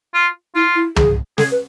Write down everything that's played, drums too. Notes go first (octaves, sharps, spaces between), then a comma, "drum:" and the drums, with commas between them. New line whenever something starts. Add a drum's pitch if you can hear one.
F4
E4 F4
E4
G#4, drum: tom
G#4 A4, drum: snare
B4